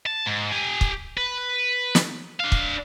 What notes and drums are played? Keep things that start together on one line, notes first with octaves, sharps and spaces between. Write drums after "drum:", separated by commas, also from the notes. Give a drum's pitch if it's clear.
A5
G#2
G4 G#5
drum: kick
B4
drum: snare
D4 F5
drum: kick